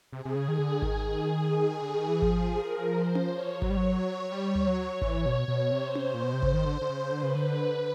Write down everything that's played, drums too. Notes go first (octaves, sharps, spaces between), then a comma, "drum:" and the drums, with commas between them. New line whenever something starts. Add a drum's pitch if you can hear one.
C3 G#4
C3
C#3
D#3
D3
D#3, drum: kick G#1
D3
D#3
E3
F3 G#4, drum: kick G#1
A#4
C5
drum: tom C#4
C#5
F#3 C#5, drum: kick G#1
G3
F#3
G3
drum: tom D2
F#3
E3, drum: kick G#1
B2
B2
C3 C5
drum: tom C#4
A#2
B2
C3
C#3, drum: kick G#1
D#3
D3
D3
C#3
D3 B4
C#3
D3